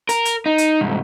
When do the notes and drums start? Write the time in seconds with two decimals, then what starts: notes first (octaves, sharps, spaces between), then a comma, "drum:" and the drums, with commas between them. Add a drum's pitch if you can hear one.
0.09 A#4, drum: hi-hat
0.25 drum: hi-hat
0.46 D#4
0.58 drum: hi-hat
0.81 C2 G#2